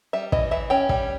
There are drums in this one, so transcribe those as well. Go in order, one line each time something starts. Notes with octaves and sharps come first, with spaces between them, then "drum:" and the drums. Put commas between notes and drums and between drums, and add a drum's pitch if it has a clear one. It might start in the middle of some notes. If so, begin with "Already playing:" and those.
G3 E5
E3 D#5, drum: kick
E3 E5
C#4 G5
G3, drum: kick